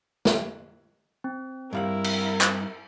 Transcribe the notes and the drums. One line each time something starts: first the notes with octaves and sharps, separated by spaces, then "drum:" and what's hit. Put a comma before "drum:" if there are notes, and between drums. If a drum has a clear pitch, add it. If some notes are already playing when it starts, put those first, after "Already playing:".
drum: snare
C4
G2 E4 A#4 F5 F#5
drum: cymbal
drum: clap